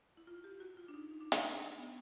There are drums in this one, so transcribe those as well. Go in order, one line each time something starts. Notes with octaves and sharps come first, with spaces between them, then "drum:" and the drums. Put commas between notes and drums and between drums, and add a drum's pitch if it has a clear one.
E4
F4
G4
F#4
F4
D4
D#4
D#4
D4
C#4, drum: hi-hat
D4
B3